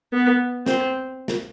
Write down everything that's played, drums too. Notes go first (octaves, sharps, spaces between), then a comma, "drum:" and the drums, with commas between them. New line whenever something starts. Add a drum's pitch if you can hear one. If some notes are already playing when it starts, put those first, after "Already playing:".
B3
C4, drum: snare
drum: snare